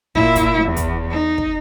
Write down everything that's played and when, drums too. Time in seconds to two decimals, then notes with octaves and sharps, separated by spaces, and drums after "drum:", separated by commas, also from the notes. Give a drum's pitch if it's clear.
0.15 A#2 E4, drum: kick
0.36 drum: kick, hi-hat
0.65 E2
0.77 drum: kick, hi-hat
1.11 D#4
1.38 drum: kick